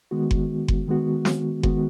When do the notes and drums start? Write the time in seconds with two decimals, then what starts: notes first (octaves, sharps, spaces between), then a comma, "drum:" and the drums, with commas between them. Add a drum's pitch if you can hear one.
0.11 D#3 G#3 B3 F#4
0.31 drum: kick F#1
0.68 drum: kick F#1
0.87 D#3 G#3 B3 F#4
1.25 drum: snare
1.63 D#3 G#3 B3 F#4, drum: kick F#1